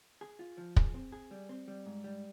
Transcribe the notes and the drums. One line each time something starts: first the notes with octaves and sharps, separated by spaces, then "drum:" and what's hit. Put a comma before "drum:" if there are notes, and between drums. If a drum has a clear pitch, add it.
G#4
F4
F3
G#4, drum: kick
C4
G#4
G3
C4
G3
G#2
G3